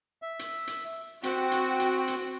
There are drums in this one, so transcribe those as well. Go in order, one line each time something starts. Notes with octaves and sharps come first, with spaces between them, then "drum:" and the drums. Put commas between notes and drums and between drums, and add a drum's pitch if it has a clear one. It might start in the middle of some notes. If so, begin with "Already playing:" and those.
E5
drum: hi-hat
drum: hi-hat
C4 F#4 G5, drum: hi-hat
drum: hi-hat
drum: hi-hat
drum: hi-hat